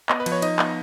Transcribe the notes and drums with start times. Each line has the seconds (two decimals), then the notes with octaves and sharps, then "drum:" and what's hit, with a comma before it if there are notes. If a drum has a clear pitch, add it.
0.09 B3 D#5, drum: clap
0.20 B4
0.26 F3, drum: cymbal
0.32 C#5
0.42 D#4 D#5, drum: cymbal
0.59 B3, drum: clap